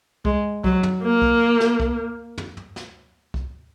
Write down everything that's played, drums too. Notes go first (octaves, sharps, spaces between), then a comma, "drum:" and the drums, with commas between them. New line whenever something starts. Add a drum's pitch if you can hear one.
G#3, drum: kick
F#3, drum: kick
drum: tom
A#3
drum: kick
drum: snare
drum: kick
drum: tom
drum: tom
drum: snare
drum: kick